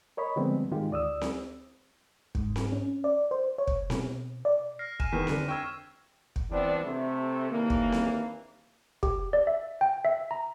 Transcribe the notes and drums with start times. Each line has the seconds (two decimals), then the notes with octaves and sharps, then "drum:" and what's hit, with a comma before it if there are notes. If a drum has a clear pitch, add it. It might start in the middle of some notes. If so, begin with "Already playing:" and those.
0.17 A#4 C#5 D#5 B5
0.36 D3 F3 G3 G#3 B3 C4
0.72 G#2 D#3 G#3 F4 G4
0.91 D2 D5 D#6 E6
1.21 drum: snare C4
2.35 G#2, drum: kick
2.56 drum: snare C4
2.72 C#4
3.04 D5
3.31 C5
3.58 C#5
3.67 drum: kick
3.90 B2, drum: snare C4
4.45 D5
4.79 F6 A#6 C7
5.00 G#5 F6 D#7 E7, drum: kick
5.12 E2 D#3 B3 B6
5.27 D3, drum: snare C4
5.48 G5 C#6 E6 G#6
6.36 drum: kick
6.51 E3 G3 B3 C4 D4
6.84 C3 A3
7.50 D#2 D3 E3 A#3
7.70 drum: kick
7.92 drum: snare C4
9.03 G4, drum: kick
9.33 D5
9.47 E5
9.81 G5
10.05 E5
10.31 A#5